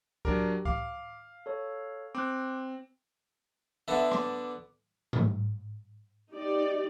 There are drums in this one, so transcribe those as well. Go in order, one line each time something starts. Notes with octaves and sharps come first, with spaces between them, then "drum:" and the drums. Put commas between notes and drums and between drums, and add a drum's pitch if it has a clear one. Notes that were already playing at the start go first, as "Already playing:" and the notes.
F#3 D4 G4 A#4, drum: kick C#2
F5 D6, drum: kick C#2
A4 C#5
C4 D6 F#6
D3 B3 D4 E5 F#5
D6, drum: rim click
drum: tom G#2
D#4 G4 D5